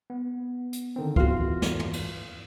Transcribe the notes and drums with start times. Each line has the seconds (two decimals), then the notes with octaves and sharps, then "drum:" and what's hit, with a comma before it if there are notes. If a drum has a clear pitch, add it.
0.10 B3
0.73 drum: hi-hat
0.96 D3 D#3 C4
1.16 E2 E3 F4 F#4, drum: kick
1.62 drum: snare
1.79 drum: tom
1.93 drum: cymbal